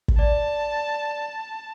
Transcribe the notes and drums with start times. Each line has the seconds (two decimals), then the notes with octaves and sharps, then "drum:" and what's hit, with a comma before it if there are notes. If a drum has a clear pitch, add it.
0.08 drum: kick
0.19 D5 A5